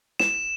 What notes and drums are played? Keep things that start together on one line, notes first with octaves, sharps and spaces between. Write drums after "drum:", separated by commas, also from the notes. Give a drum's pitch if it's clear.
E7, drum: snare